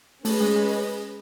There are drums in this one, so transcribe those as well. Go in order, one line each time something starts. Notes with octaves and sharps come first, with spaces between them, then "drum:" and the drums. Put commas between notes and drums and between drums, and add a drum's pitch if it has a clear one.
A3 C#4 G#4 B4 D#5, drum: open hi-hat
G#3
G#3